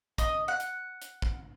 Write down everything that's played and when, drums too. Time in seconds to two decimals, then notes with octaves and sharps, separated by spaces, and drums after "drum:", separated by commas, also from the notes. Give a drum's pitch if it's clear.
0.18 D#5, drum: kick, hi-hat
0.48 F#5
0.60 drum: hi-hat
1.02 drum: hi-hat
1.22 drum: kick